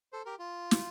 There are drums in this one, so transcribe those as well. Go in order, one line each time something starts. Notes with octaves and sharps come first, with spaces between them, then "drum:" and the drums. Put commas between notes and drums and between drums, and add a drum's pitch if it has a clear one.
A4 C5
G4 A#4
F4
drum: snare